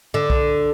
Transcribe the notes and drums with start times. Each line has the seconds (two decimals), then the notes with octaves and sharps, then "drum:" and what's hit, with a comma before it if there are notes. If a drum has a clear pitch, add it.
0.14 D3
0.30 drum: kick B1